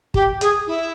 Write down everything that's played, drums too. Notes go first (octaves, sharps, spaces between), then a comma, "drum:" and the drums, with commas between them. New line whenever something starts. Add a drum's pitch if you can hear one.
G4, drum: kick
G#4, drum: hi-hat
E4